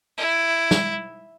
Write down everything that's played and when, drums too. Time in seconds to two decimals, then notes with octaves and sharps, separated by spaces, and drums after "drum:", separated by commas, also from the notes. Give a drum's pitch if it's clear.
0.18 E4
0.71 drum: snare